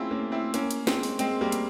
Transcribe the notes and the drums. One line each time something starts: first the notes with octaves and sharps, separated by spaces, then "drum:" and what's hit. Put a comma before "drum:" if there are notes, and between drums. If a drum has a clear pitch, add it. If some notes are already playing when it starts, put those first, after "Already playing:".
Already playing: A#3 C4 C#4 E4 F4 G#4
A#3 C#4
C4 E4
A#3 C#4, drum: hi-hat
drum: hi-hat
G#3 C4, drum: snare
drum: open hi-hat
G#3 C4, drum: hi-hat
G3 A#3
drum: hi-hat